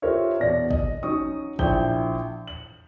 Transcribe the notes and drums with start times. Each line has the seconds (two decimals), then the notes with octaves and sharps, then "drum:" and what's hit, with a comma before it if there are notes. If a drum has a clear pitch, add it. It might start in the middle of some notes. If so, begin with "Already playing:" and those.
0.02 F4 G4 A#4 C5 C#5 E5
0.40 E2 B2 D5 A#6
0.71 D#5, drum: kick
1.03 F#3 C#4 D#4 C#6 D#6
1.59 A#1 E4 G5 G6 G7, drum: kick
2.48 F#7